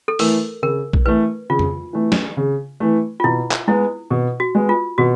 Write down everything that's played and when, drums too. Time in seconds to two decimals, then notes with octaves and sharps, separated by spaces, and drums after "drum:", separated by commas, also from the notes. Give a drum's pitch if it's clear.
0.08 A4
0.19 E3 A3 A#4, drum: open hi-hat
0.62 C#3 A#4
0.93 drum: kick A#1
1.06 E3 A3 B4
1.50 C#3 F4
1.59 drum: tom F2
1.93 E3 A3
2.12 drum: snare
2.37 C#3
2.80 E3 A3
3.20 F4
3.24 B2 E4
3.51 drum: clap
3.68 G#3 B3 E4
4.10 B2
4.40 F#4
4.55 G#3 B3
4.69 F4
4.98 B2 F#4